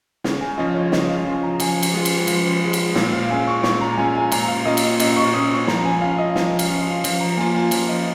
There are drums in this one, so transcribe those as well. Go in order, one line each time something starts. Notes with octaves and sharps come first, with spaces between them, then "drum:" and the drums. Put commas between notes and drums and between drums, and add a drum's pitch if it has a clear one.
C#3, drum: snare
G#5
F3 C#4 F4 D#5
C#5
C#3 D#5, drum: snare
F5
F3 C#4 F4 G#5
A#5
F3 G#5, drum: cymbal
drum: cymbal
G#3 F4
drum: cymbal
F3, drum: cymbal
G#3 F4
drum: cymbal
A#2 F5, drum: snare
F5
G#3 C#4 F4 G#5
C#6
A#2 C#6, drum: snare
A#5
G#3 C#4 F4 G#5
G#5
A#2 A#5, drum: cymbal
F5
A#3 C#4 F4 D#5
drum: cymbal
A#2 D#5, drum: cymbal
C#6
A#3 C#4 F4 D#6
C#6
F3 A#5, drum: snare
G#5
C#4 F4 F5
D#5
F3 D#5, drum: snare
F5, drum: cymbal
C#4 F4
F5
F3, drum: cymbal
A#5
A#3 F4 G#5
G#5
F3 F5, drum: cymbal
D#5